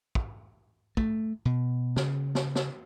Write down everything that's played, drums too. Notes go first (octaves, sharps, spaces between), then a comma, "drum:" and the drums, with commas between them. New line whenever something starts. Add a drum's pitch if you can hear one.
drum: kick
A3, drum: kick
B2
C#3, drum: snare
drum: snare
drum: snare